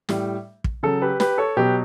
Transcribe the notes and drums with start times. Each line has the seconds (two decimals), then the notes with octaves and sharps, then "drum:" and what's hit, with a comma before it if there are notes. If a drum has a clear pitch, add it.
0.09 A2 G3, drum: snare
0.64 drum: kick
0.83 C#3 F#3 A4
1.02 G4 B4
1.20 G4 B4, drum: snare
1.38 A4 C#5
1.57 B2 F#3 G4 B4